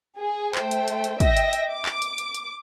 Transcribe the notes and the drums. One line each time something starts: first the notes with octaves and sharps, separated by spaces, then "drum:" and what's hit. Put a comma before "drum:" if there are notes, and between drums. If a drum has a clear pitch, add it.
G#4
A3 C5 G5, drum: clap
drum: hi-hat
drum: hi-hat
drum: hi-hat
D#5 E5 G5 A#6, drum: kick, hi-hat
drum: hi-hat
drum: hi-hat
D6
drum: clap
drum: hi-hat
drum: hi-hat
drum: hi-hat